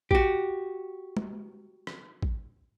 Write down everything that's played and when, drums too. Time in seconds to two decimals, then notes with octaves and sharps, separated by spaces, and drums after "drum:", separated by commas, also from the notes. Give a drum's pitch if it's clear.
0.11 F#4 G4, drum: kick
1.17 drum: tom G#3
1.87 drum: rim click
2.22 drum: kick